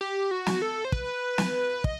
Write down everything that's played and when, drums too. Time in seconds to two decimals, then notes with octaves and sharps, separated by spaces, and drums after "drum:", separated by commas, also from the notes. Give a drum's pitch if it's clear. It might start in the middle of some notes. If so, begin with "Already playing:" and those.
0.01 G4
0.31 F#4
0.46 drum: snare
0.62 A4
0.85 C5
0.92 B4, drum: kick
1.38 drum: snare
1.84 D#5, drum: kick